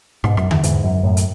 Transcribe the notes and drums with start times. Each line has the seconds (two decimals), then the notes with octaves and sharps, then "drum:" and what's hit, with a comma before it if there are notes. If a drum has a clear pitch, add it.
0.24 G#2 B2, drum: rim click
0.37 F#2, drum: rim click
0.51 E2, drum: tom D3
0.63 E2 G#2, drum: hi-hat
0.84 F#2
1.03 F#2 A2
1.17 drum: hi-hat